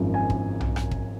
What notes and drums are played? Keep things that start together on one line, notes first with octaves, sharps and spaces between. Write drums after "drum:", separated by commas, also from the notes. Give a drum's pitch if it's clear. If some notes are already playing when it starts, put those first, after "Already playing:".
Already playing: G#1 F#2 F3
G#5
drum: kick
drum: tom B1
drum: rim click
drum: kick